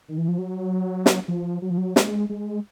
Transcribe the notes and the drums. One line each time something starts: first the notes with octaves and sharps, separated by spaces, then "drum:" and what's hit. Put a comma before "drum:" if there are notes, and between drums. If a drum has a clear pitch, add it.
D#3
E3
F3
F#3
drum: snare
F3
F#3
F3
F#3
G#3, drum: snare
G#3